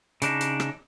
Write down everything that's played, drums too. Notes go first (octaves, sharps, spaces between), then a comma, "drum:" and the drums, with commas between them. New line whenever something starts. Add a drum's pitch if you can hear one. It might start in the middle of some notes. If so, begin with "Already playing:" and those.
C#3 D4 D#4, drum: hi-hat
drum: hi-hat
drum: rim click